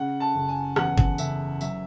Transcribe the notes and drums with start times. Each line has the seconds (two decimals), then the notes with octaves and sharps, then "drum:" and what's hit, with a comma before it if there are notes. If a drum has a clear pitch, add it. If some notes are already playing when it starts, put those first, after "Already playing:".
Already playing: C#3 F#5
0.20 A5
0.35 F#1
0.49 G#5
0.76 E2 F#5, drum: rim click
0.98 drum: kick G1
1.18 F#1 E5, drum: tambourine
1.61 F#3 E5, drum: tambourine